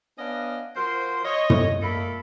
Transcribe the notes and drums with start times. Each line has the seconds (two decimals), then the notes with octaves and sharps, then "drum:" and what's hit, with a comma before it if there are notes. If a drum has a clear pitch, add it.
0.19 B3 C#4 D4 D#5 F5
0.76 F3 F#4 A#4 C5 C6
1.25 C#5 D#5
1.50 drum: tom
1.83 A#2 A3 A#3 A4 B5